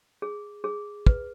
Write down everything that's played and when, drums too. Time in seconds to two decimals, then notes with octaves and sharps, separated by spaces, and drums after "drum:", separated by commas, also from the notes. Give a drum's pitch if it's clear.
0.22 G#4
0.64 G#4
1.07 B4, drum: kick